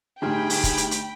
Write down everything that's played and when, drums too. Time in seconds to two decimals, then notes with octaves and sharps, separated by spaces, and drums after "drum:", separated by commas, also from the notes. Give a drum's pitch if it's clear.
0.22 G1 A2 D#4 G4 G#4 G5 B5 F6
0.50 drum: open hi-hat
0.64 drum: kick, hi-hat
0.77 drum: hi-hat
0.91 drum: hi-hat